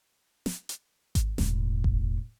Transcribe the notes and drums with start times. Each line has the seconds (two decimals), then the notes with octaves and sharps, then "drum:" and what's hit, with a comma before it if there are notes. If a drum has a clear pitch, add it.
0.46 drum: snare
0.69 drum: hi-hat
1.15 drum: kick G#1, hi-hat
1.38 E1 A2, drum: snare
1.84 drum: kick G#1